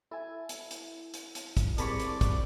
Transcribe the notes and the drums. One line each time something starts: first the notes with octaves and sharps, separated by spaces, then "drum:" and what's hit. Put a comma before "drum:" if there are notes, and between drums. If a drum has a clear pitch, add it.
E4 A4 G#5
drum: hi-hat
drum: hi-hat
drum: hi-hat
drum: hi-hat
drum: kick, hi-hat
C2 C4 G#4 A#4 D5 A5 B5 C#6, drum: hi-hat
drum: hi-hat
drum: kick, hi-hat